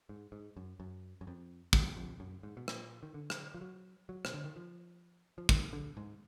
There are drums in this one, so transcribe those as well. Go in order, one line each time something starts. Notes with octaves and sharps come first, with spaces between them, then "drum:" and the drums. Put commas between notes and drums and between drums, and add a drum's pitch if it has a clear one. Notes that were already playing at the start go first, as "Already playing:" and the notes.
G#2
G#2
F#2
F#2
F#2
F2
F#2, drum: kick
F2
F#2
G#2
B2
A#2, drum: rim click
D#3
D3
drum: rim click
F3
F#3
F#3
B2, drum: rim click
D3
D#3
F3
F3
D#3, drum: kick
D3
G#2